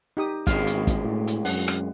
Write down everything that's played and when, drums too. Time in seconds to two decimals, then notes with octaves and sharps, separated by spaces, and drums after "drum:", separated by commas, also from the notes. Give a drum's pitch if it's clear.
0.17 D#4 G4 D#6
0.47 G#1 C#2 B2 G#3 F5, drum: kick, hi-hat
0.67 drum: hi-hat
0.87 drum: kick, hi-hat
1.04 A2
1.27 drum: hi-hat
1.45 F#2 F#5, drum: open hi-hat
1.68 drum: rim click